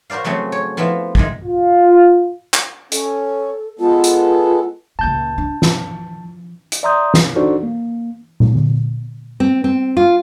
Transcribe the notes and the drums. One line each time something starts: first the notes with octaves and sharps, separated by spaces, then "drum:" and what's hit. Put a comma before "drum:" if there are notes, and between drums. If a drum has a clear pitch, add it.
F#4 A#4 C5 D5 F5
C#3 F#3 A3 C4 C#4
C#5
F3 B3 C4 E4 F4
C3 D#3 G#3, drum: kick
F4
drum: clap
C#4 A4, drum: hi-hat
G#3 B3 F4 A4
drum: hi-hat
C#2 A#2 A5 G6
D4
F3, drum: snare
drum: hi-hat
D5 E5 A#5 C6 D#6 G6
drum: snare
D4 D#4 F#4 A4 C5 D5
A#3
drum: tom
drum: tom
C4
C4
F4